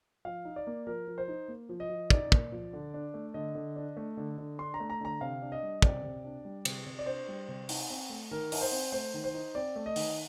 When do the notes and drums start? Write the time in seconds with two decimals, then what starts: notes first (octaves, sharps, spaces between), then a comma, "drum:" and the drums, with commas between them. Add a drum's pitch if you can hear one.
0.25 F3 F5
0.45 D#4
0.56 D5
0.67 A#3
0.87 F3 A#4
1.07 F3
1.18 C5
1.28 D#4
1.48 A#3
1.69 F3
1.80 D#5
1.90 F3
2.10 D#4 D5, drum: kick
2.32 A#3, drum: kick
2.52 F3
2.73 D3
2.94 D4
3.14 A3
3.34 D3 D#5
3.55 D3
3.76 D4
3.97 A3
4.17 D3
4.38 D3
4.59 D4 C6
4.74 A#5
4.80 A3
4.90 A#5
5.01 D3 A#5
5.21 C3 F5
5.42 D4
5.52 D#5
5.63 G3
5.82 C3 D5, drum: kick
6.03 C3
6.24 D4
6.45 G3
6.65 C3, drum: cymbal
6.86 C3
6.99 D5
7.06 D4 C5
7.28 G3
7.48 C3
7.69 D#4, drum: open hi-hat
7.90 C4
8.10 A3
8.31 D#3 A#4
8.52 D#4, drum: open hi-hat
8.61 C5
8.72 C4
8.92 A3 C5
9.14 D#3
9.24 C5
9.34 D#4
9.55 C4 D5
9.76 A3
9.86 D#5
9.96 D#3, drum: open hi-hat